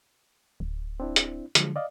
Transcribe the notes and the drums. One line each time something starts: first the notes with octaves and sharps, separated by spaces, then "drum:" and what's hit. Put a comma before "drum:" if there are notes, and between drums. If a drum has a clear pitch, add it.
D1
C4 D4 E4
drum: hi-hat
D3 F3 F#3 G#3, drum: hi-hat
D5 D#5 F5